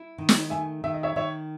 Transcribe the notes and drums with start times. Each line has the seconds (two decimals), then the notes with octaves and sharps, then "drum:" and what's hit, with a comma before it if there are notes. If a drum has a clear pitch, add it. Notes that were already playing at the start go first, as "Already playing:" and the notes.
Already playing: E4
0.18 D#3
0.29 drum: snare
0.50 A3 E5 G#5
0.84 D#3 E5
0.94 D#5
1.03 C#5 E5
1.16 D#3 C#5 E5